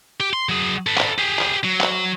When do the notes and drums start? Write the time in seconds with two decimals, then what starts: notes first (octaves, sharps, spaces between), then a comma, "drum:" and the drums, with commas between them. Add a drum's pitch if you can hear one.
0.20 G4
0.33 C6
0.49 F#3 G#4
0.87 A4 B4
0.97 drum: clap
1.18 G4 G#4
1.39 drum: clap
1.64 F#3
1.81 drum: clap